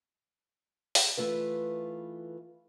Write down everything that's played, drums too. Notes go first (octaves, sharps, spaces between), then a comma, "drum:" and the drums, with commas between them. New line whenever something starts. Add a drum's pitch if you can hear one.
drum: open hi-hat
E3 A3 F4 B4